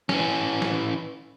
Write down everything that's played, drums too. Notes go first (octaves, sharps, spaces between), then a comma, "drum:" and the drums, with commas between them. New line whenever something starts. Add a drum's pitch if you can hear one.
E3 C#4, drum: snare
drum: snare